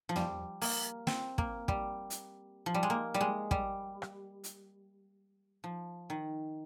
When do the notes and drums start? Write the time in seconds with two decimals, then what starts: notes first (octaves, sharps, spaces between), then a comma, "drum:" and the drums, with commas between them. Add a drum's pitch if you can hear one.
0.09 F3
0.16 G3, drum: tom
0.62 A#3, drum: open hi-hat
1.07 C4, drum: snare
1.38 A#3, drum: kick
1.68 G3, drum: kick
2.10 drum: hi-hat
2.66 F3
2.74 G3
2.83 G#3
2.90 A#3
3.14 G3
3.21 G#3
3.51 G3, drum: kick
4.02 drum: rim click
4.44 drum: hi-hat
5.64 F3
6.10 D#3